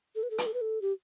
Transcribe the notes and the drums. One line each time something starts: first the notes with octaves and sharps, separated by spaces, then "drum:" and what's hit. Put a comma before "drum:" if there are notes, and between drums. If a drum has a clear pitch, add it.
A4
B4
A4
B4, drum: hi-hat
A4
B4
A4
G4